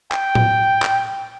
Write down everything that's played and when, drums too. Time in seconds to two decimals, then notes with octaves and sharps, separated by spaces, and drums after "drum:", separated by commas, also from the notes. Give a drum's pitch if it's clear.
0.12 G5, drum: clap
0.35 drum: tom A2
0.82 drum: clap